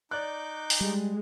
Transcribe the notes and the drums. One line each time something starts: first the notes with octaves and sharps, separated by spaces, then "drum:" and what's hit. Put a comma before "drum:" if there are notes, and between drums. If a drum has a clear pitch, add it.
D#4 D5 D6 F#6 G6
drum: open hi-hat
G3 G#3